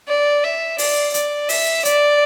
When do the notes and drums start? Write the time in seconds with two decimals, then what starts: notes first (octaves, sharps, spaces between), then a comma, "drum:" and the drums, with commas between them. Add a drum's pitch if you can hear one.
0.08 D5
0.44 E5
0.78 D5, drum: open hi-hat
1.14 D5, drum: hi-hat
1.49 E5, drum: open hi-hat
1.85 D5, drum: hi-hat